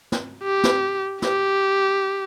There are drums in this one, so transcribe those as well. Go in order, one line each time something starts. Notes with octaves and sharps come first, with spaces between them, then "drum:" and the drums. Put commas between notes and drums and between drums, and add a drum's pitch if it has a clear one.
drum: snare
G4
drum: snare
G4, drum: snare